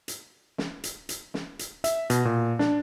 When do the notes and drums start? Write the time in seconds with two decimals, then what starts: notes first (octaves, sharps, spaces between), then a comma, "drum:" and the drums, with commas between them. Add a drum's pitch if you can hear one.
0.08 drum: hi-hat
0.58 drum: snare
0.84 drum: hi-hat
1.09 drum: hi-hat
1.34 drum: snare
1.59 drum: hi-hat
1.84 E5, drum: hi-hat
2.10 B2, drum: hi-hat
2.25 A#2
2.59 D4, drum: snare